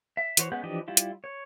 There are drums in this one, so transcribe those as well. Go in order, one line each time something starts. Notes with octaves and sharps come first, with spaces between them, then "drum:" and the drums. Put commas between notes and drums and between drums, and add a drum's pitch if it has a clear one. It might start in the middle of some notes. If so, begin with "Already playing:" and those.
E5
E3 F#4 C5 C#5, drum: hi-hat
G#3 B3 C#4 F#5 G6
E3 F3 D4 G4 D#5
G3 E4 F4 G4
drum: hi-hat
C#5